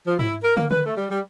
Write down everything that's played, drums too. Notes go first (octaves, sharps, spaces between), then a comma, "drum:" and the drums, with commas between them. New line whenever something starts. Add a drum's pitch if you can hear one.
F3
E4, drum: tom G#2
A#4
A#3, drum: tom
B4, drum: tom D3
A3
G3
G3